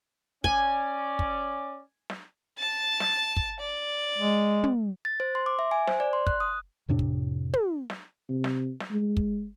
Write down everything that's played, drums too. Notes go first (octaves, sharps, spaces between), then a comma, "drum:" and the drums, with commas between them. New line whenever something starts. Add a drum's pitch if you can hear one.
C#4 D5 G#5, drum: kick
drum: kick
drum: snare
A5 A6
drum: snare
drum: kick
D5
G#3
drum: tom
A6
C5
C6
D6
E5
G#5
C5, drum: snare
D5
C6
F#6, drum: kick
D#6
F2 A2 C3 D4
drum: kick
drum: tom
drum: snare
C3
drum: snare
drum: snare
G#3
drum: kick